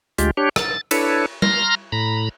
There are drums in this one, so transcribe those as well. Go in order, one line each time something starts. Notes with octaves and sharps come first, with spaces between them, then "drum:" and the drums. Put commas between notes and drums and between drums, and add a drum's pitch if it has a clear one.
D2 G#3 F4 G4, drum: hi-hat
D4 G4 C#5
A6, drum: rim click
D4 E4 A4 B4 C#5, drum: cymbal
A#5 C6 F6 A#6, drum: tom G3
A2 A#5 B5